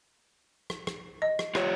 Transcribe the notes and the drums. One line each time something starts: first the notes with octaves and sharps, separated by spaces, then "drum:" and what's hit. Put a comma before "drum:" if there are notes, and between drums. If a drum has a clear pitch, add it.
drum: rim click
drum: rim click
D#5
drum: rim click
F4 G4 C#5, drum: rim click